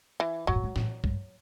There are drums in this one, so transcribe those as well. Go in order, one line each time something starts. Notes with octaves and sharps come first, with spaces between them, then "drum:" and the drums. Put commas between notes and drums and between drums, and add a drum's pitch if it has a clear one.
E3
G#2 F#3
A2
G#2
A2, drum: snare
G2, drum: kick B1